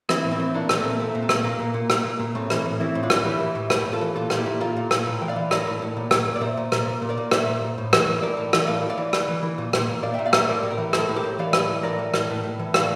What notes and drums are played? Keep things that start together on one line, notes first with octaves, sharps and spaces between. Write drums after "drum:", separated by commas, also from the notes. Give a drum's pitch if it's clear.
E3 C4 E4, drum: rim click
A2
C4 E4
E3
A#2 A#3 D4
A#2, drum: rim click
A3 C4
A#2
A#2 A3 C4
A#2
A3
A#2, drum: rim click
A#2 A#3
A#2
A#2
A#2, drum: rim click
A#2
A#2
A2 A3 C4
E3, drum: rim click
A2
E3 C4 E4
A2
D4 F4
A2, drum: rim click
E3 E4 G4
E3
A2
A2 G4 A#4, drum: rim click
A2
F4 A4
E3
A#2 F4 A4
A#2, drum: rim click
E4 G4
A#2
A#2 F4 A4
A#2
A#2, drum: rim click
A2
E3 G5
D5 F5
E3
A2 A#4 D5, drum: rim click
A2
A2
A#2
A#2, drum: rim click
A#2
D5
A#2 C5 E5
A#2
A#2, drum: rim click
A#2
A#2
A#4 D5
A#2
A#2 C5 E5, drum: rim click
A#2
A#2
A2
E3, drum: rim click
A2
A2 A#4 D5
A2
E3, drum: rim click
A2 D5 F5
E3
D5 F5
E3
E3, drum: rim click
E3
E3
A#2
A#2, drum: rim click
A#2
A#2 D5 F5
A#2 E5 G5
D5 F5
A#2 C5 E5, drum: rim click
A2 A#4 D5
A2
G4 A#4
E3
A2 A4 C5, drum: rim click
A2
G4 A#4
A2
E3 D5 F5
A2, drum: rim click
E3
A2 A#4 D5
E3
A2, drum: rim click
A2
A2
E3
A2 D5 F5, drum: rim click